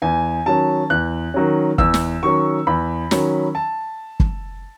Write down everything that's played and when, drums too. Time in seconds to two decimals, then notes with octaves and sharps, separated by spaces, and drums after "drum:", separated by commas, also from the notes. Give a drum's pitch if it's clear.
0.02 E2 G#5
0.46 D#3 F#3 C#4 A5
0.90 E2 F#6
1.34 D#3 F#3 C#4
1.78 E2 E6, drum: kick
1.94 drum: snare
2.23 D#3 F#3 C#4 C#6
2.67 E2 B5
3.11 D#3 F#3 C#4, drum: snare
3.55 A5
4.20 drum: kick